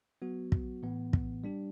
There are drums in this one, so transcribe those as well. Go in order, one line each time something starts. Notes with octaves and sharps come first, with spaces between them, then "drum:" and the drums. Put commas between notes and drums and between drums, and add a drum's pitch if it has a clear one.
F#3 B3 F#4
drum: kick
A2 E3 B3
drum: kick
G3 D4 G4